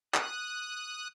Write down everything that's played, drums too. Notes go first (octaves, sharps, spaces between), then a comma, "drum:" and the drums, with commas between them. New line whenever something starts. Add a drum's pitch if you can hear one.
D#6 F#6, drum: clap